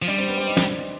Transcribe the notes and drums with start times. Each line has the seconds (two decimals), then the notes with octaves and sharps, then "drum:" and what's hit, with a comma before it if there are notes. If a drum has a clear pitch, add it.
0.02 F3
0.08 G3 D4 D5
0.18 C4 C5
0.28 B3 B4
0.37 C4 C5
0.47 D#4 D#5
0.57 drum: snare